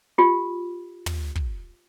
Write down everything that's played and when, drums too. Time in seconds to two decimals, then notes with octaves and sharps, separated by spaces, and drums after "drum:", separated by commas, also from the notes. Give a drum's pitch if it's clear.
0.18 F4 G4
1.06 drum: tom
1.35 drum: kick